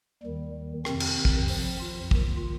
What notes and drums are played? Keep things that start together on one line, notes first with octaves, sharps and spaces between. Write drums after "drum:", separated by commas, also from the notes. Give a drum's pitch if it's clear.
D#2 D#3 G3
F2 C3 D#3 C4, drum: rim click
drum: cymbal
drum: kick
F2 F3 C4, drum: open hi-hat
F4
D#2 D#3, drum: kick